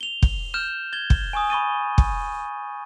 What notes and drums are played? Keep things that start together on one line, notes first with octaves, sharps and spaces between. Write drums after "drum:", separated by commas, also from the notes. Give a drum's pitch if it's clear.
F7 G7
drum: kick
F6 G6 E7
G#6 A6 G7
drum: kick
G#5 C#6 D#6
B5 C#6 A6 D#7
drum: kick